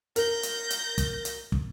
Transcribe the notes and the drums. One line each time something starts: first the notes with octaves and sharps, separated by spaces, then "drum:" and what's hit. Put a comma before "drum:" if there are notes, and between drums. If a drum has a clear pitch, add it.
A#4 G6 A#6, drum: hi-hat
drum: hi-hat
drum: hi-hat
drum: kick, hi-hat
drum: hi-hat
drum: kick